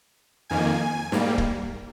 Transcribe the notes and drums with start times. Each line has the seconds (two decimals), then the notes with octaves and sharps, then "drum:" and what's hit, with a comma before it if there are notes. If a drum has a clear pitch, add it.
0.50 F2 D#3 A#3 G#5
1.12 G#2 G3 A#3, drum: snare
1.38 drum: kick